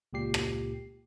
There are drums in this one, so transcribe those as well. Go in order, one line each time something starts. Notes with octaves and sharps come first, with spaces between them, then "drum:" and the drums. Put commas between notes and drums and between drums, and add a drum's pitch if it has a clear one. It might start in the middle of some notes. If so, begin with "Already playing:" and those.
C#2 A#2 G4 C7
drum: rim click